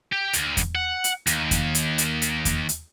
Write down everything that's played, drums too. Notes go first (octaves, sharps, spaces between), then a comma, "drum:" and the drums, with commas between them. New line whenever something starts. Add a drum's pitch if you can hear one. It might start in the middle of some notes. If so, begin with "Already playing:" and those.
G4
D2, drum: hi-hat
drum: kick E2, hi-hat
F#5
drum: hi-hat
D#2, drum: hi-hat
drum: kick E2, hi-hat
drum: hi-hat
drum: hi-hat
drum: hi-hat
drum: kick E2, hi-hat
drum: hi-hat